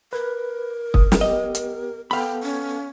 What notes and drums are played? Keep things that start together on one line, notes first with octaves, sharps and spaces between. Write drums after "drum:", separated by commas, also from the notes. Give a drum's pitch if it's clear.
A#4 B4
D#6, drum: kick
drum: snare
B3 G4 D#5
drum: hi-hat
B3 A4 F5 G5 B5
C#4